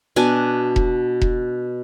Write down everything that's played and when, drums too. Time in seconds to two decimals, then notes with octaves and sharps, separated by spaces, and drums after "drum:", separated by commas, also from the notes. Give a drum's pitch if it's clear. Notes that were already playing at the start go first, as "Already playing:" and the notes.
0.16 B2 D4 G#5
0.76 drum: kick E1
1.22 drum: kick E1